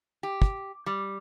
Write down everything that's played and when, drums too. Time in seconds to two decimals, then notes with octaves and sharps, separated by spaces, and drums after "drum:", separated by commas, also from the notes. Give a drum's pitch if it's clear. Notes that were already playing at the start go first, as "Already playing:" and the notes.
0.23 G4
0.42 drum: kick
0.86 G3